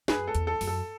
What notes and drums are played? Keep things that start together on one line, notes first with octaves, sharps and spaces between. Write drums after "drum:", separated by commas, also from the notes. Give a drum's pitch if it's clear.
F#2 G#4 B4, drum: snare
A4
E2, drum: hi-hat
A4
F#2, drum: open hi-hat
A4